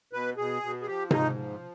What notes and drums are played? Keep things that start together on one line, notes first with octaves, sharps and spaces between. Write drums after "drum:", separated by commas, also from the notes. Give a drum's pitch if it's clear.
B2 B4
B2 G#4
B2
G#4
F3 G4
G#2 D#4, drum: tom C3
F3